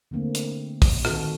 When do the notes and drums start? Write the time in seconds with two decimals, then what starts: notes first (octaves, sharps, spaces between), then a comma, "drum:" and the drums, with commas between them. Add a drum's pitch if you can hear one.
0.11 D3 A3 A#3 C4
0.35 drum: hi-hat
0.52 A#3
0.82 drum: kick, open hi-hat
1.05 D#3 C4 D#4 F4 F#4 A4, drum: rim click